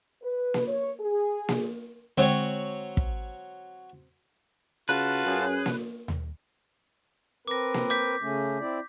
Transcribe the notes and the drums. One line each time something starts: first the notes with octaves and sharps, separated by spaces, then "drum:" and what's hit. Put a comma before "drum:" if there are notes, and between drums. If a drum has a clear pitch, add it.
B4
drum: snare A#3
C#5
G#4
drum: snare A#3
D3 F#3 G#3 C4 C#5
drum: kick
C#3 F4 F#4 B4 A5, drum: hi-hat
F#2 C#4 G#4
drum: snare A#3
drum: tom D#2
C4 A#4 B4 D6 A#6
drum: snare A#3
D6 G6 B6, drum: hi-hat
C#3 A3 C#4
C4 E4 D5